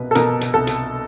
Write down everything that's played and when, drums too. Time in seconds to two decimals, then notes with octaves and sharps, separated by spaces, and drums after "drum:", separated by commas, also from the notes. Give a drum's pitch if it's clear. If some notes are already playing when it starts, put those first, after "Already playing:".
Already playing: C2 B2 B4
0.11 A4
0.15 B2 A#4, drum: hi-hat
0.41 drum: hi-hat
0.54 C2 A4
0.67 drum: hi-hat